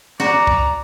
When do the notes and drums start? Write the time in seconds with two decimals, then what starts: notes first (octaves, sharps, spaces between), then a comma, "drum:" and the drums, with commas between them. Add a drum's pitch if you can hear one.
0.20 F#4 D5 A#5, drum: snare
0.47 drum: kick